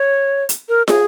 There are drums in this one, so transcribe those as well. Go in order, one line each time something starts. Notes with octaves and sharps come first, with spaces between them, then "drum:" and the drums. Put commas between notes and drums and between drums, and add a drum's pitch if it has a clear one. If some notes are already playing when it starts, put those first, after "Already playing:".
Already playing: C#5
drum: hi-hat
A#4
G#4, drum: snare